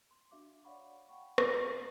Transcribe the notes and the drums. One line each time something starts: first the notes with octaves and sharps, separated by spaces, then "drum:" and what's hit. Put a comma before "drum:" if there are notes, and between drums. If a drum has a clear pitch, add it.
C6
D4 F#4 E5 F5 D6
C#5 D5 F5 F#5 B5 C#6
F#5 G5 B5 C#6
drum: rim click
G7
A6 B6 C7 E7 F#7